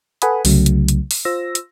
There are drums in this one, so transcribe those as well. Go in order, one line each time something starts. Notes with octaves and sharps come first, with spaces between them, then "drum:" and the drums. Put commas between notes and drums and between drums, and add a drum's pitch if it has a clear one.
A4 B4 F#5 G#5 B5 D#6, drum: hi-hat
C2 C#3 F#3 A3, drum: open hi-hat
drum: hi-hat
drum: hi-hat
drum: open hi-hat
F4 C5 E6 A#6
drum: hi-hat